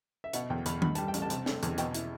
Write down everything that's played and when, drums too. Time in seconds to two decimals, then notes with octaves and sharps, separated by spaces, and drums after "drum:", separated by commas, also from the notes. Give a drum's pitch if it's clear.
0.24 E5
0.33 B2 F#5, drum: hi-hat
0.50 E2 G5
0.66 E2 B5, drum: hi-hat
0.82 G2 B5, drum: tom D#3
0.95 G3 A5, drum: hi-hat
1.08 G5
1.14 A1, drum: hi-hat
1.22 A5
1.30 C3, drum: hi-hat
1.46 A3, drum: snare
1.63 E2, drum: hi-hat
1.78 B2 G5, drum: hi-hat
1.94 E4, drum: hi-hat